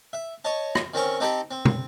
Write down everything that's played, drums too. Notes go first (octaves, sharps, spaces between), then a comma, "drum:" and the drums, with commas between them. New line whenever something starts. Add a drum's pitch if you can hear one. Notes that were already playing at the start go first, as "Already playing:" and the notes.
E5
C#5 D#5 A5
drum: rim click
D#3 C4 C#4 C#6
C4 D#4 G4 A4 G5 B5
C4
drum: tom